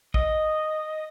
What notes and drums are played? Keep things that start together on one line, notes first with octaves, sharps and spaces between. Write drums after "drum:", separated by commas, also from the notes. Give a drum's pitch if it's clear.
D#5, drum: kick